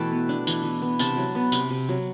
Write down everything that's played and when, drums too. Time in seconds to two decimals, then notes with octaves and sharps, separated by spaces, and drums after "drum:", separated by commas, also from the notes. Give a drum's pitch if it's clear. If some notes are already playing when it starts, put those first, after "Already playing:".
Already playing: B2 E3 A3 G5 A5
0.12 B3
0.29 D4
0.47 E3, drum: tambourine
0.64 E3
0.82 B3
0.99 C3 A5, drum: tambourine
1.17 F#3
1.35 B3
1.52 C3, drum: tambourine
1.70 C3
1.89 F#3